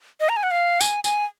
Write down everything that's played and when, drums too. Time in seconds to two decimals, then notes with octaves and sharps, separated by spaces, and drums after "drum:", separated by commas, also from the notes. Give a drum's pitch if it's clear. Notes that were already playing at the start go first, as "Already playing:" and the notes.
0.20 D#5
0.29 A#5
0.37 G#5
0.43 F#5
0.51 F5
0.81 G#5, drum: tambourine
1.04 G#5, drum: tambourine